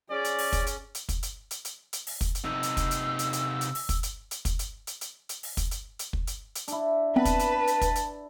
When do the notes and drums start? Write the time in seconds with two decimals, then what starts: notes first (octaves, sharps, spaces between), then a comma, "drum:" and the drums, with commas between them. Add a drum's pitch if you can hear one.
0.10 C#4 G#4 D5
0.24 drum: hi-hat
0.38 drum: open hi-hat
0.53 drum: kick, hi-hat
0.67 drum: hi-hat
0.95 drum: hi-hat
1.09 drum: kick, hi-hat
1.23 drum: hi-hat
1.51 drum: hi-hat
1.65 drum: hi-hat
1.93 drum: hi-hat
2.07 drum: open hi-hat
2.21 drum: kick, hi-hat
2.35 drum: hi-hat
2.44 C3 D#4 E6
2.63 drum: hi-hat
2.77 drum: kick, hi-hat
2.91 drum: hi-hat
3.19 drum: hi-hat
3.33 drum: hi-hat
3.61 drum: hi-hat
3.75 drum: open hi-hat
3.89 drum: kick, hi-hat
4.03 drum: hi-hat
4.31 drum: hi-hat
4.45 drum: kick, hi-hat
4.59 drum: hi-hat
4.87 drum: hi-hat
5.01 drum: hi-hat
5.29 drum: hi-hat
5.43 drum: open hi-hat
5.57 drum: kick, hi-hat
5.71 drum: hi-hat
5.99 drum: hi-hat
6.13 drum: kick
6.27 drum: hi-hat
6.55 drum: hi-hat
6.68 D4 E4, drum: hi-hat
7.16 B3 C4 B4 A5
7.25 drum: kick, hi-hat
7.39 drum: hi-hat
7.67 drum: hi-hat
7.81 drum: kick, hi-hat
7.95 drum: hi-hat